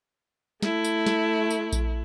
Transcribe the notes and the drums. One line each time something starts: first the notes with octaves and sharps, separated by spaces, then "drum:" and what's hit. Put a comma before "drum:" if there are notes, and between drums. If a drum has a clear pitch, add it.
A3 E4, drum: snare
drum: tambourine
drum: snare
drum: tambourine
drum: kick A#1, tambourine